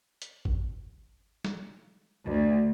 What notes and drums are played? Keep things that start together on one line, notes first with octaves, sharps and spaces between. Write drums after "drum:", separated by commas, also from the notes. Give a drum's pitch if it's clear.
drum: hi-hat
drum: kick G1
drum: snare
D2